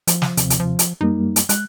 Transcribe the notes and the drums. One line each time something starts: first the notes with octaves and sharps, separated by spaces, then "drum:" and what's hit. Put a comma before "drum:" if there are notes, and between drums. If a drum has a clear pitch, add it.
F3, drum: hi-hat
drum: snare
D#2 C3, drum: hi-hat
drum: hi-hat
F3
drum: hi-hat
F#2 G3 A#3 D#4
drum: hi-hat
G#3 F#6, drum: hi-hat